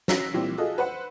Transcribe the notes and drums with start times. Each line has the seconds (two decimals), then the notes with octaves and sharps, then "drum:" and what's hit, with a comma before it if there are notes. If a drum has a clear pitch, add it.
0.08 C#4 F#4 A#5 E6 A#6 B6, drum: snare
0.34 A#2 E3 G3 C4
0.58 F4 F#4 G#4 A4 D#5
0.78 B4 C5 F#5